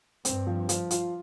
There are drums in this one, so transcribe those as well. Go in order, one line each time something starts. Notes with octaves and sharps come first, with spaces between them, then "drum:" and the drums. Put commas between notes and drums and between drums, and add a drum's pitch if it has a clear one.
G2 C4, drum: hi-hat
F3
F3, drum: hi-hat
F4, drum: hi-hat